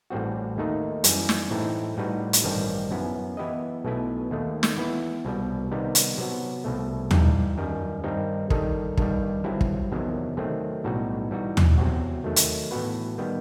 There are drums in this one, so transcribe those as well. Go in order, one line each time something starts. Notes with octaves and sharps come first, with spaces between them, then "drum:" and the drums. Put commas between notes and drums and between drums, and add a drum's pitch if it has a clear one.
A1 A2 G3 C4 F#4
D#2 D#3 A3 D#4
F#2 E3 G3, drum: hi-hat
drum: snare
A2 E3 A3 C4 D#4
A2 G3 D#4 F#4 B4
drum: hi-hat
A1 G2 D#3 G3 C4
F#2 F#3 B3 E4
E3 B3 E4 G4 D#5
B1 B2 A3 E4 B4
D#2 D#3 A3
drum: snare
E3 B3 E4 B4 E5
C2 B2 G3
C3 D#3 G3 B3 D#4
drum: hi-hat
C3 F#3 B3 F#4
C2 B2 A3
G2 E3 G3 D#4, drum: tom D#2
F#2 D#3 G3
G2 D#3 G3 C4 D#4
D#3 G3 D#4 A4 D#5, drum: kick
G2 D#3 G3, drum: kick
G1 G2 F#3 C4 E4
drum: kick
E2 C3 D#3 F#3
D#3 F#3 A3 C4
B1 A2 G3 D#4 F#4
E3 G3 D#4 F#4
drum: tom D#2
E2 C3 F#3 C4 F#4
D#3 F#3 A3
drum: hi-hat
A2 E3 B3 F#4 B4
D#3 G3 B3